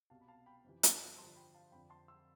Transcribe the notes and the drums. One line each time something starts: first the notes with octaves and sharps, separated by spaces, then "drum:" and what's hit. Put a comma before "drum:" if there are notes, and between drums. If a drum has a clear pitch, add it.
C2 B2 F5 A5
B5
F5 A5
G5 B5
F2 C3 E3
drum: hi-hat
G2 D3 F3 A5 C6
G5 B5
F5 A5
F2 D3 F3 G5 B5
A5 C6
C6 E6